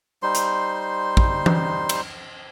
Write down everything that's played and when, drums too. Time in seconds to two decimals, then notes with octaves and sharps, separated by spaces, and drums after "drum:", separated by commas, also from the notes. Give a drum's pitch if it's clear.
0.23 G3 D#4 C5 C6
0.35 drum: hi-hat
1.17 drum: kick
1.46 drum: tom E3
1.89 drum: cymbal